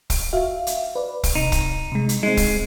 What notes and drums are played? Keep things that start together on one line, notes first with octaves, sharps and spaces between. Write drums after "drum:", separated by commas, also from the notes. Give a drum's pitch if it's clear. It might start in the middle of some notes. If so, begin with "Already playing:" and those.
drum: kick, open hi-hat
F#4 E5 F5
drum: hi-hat
B4 D5
drum: kick, open hi-hat
C3 D#4
drum: kick, hi-hat
C3 G#3
drum: hi-hat
G#3 C4 D#4
drum: kick, open hi-hat